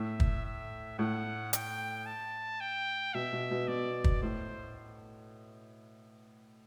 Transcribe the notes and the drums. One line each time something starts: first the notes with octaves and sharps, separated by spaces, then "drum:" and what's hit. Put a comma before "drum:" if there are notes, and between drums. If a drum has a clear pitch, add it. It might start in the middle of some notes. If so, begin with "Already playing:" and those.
Already playing: A2 E5
drum: kick
E5
A2 F#5
G5, drum: hi-hat
A5
G5
B2 E5
B2
B2
B2 D5
drum: kick
A2 C5